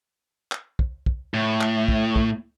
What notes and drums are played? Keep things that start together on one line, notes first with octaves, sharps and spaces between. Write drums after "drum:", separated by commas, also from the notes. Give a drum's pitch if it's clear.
drum: clap
drum: kick
drum: kick
A2
drum: clap
drum: kick
drum: kick